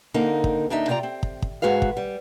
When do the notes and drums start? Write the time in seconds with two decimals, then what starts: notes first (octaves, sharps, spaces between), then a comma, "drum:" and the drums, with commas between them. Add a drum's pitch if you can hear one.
0.14 D3 A#3 C4 D#4
0.44 drum: kick
0.70 D#2 D4 D#4 D#5 E5
0.88 C3 F4 D5 G5 A#5
1.03 C4
1.23 drum: kick
1.42 drum: kick
1.62 G#2 G#3 F#4 B4 F5
1.82 drum: kick
1.97 G3